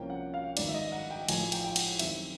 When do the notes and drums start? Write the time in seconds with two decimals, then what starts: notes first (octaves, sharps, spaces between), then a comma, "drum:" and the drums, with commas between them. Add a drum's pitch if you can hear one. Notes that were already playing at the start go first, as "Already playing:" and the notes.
Already playing: C2 C3 F3 A#3 C#4 G5
0.10 F#5
0.34 F5
0.57 G#1 G2 D#3 D5, drum: cymbal
0.68 E5
0.74 D#5
0.92 F#5
1.10 G5
1.28 A1 A2 F3 G#5, drum: cymbal
1.52 G5, drum: cymbal
1.64 G5
1.76 F#5, drum: cymbal
1.99 F#2 D#3 G3 C4 E5, drum: cymbal